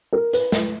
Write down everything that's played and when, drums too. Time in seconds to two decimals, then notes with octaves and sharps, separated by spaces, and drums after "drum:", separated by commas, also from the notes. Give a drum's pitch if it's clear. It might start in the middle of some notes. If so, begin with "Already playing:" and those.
0.13 A#4
0.33 B4, drum: hi-hat
0.52 drum: snare